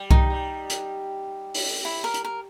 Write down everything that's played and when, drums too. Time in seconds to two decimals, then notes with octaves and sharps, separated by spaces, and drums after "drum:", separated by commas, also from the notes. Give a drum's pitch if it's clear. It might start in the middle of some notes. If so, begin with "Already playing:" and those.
Already playing: G3
0.11 D#4, drum: kick C2
0.30 G3
0.70 drum: hi-hat
1.55 drum: open hi-hat
1.85 E4
2.04 A#4
2.14 drum: hi-hat
2.24 A#4